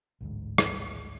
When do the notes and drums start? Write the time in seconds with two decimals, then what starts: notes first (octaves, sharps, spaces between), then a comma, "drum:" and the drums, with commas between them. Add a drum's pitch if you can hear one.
0.21 A1 D2 G#2
0.58 drum: rim click